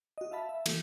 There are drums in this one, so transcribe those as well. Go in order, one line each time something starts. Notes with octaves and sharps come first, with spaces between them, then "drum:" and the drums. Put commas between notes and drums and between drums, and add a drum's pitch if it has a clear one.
F#4 D#5
E5 F5 A5 B5
E5
E3 A#3, drum: cymbal